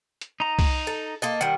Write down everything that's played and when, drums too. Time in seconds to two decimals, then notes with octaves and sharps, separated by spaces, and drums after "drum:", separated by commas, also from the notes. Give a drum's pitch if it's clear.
0.21 drum: hi-hat
0.40 D#4 A#5
0.59 drum: kick, open hi-hat
0.87 A4
1.22 A#3 A4 D#5
1.41 D#3 G3 F#5